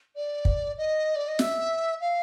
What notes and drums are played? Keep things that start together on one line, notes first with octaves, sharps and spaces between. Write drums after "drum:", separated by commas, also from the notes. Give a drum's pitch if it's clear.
D5
drum: kick
D#5
D5
D#5
E5, drum: snare
F5